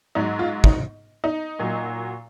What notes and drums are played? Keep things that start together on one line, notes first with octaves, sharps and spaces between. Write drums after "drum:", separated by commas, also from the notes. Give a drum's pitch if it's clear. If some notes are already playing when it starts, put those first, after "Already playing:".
G#2 F#3 D#4
F4
D#4, drum: kick
D#4
A#2 F#3